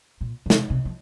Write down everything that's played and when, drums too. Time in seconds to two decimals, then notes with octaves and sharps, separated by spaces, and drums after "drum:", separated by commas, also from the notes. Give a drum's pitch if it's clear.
0.21 A#2
0.46 C#3
0.50 C3, drum: snare
0.70 C3
0.85 F3